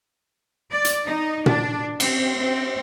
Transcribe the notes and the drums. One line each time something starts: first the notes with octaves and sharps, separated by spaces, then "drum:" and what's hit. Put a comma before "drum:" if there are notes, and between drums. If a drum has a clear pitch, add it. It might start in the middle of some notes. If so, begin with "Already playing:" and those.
D5
drum: hi-hat
D#4
D4, drum: tom A#2
C4, drum: cymbal
C4